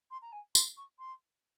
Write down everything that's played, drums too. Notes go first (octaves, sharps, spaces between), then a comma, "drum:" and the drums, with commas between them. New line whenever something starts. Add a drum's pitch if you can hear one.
C6
A#5
G#5
C6, drum: tambourine
C#6
C6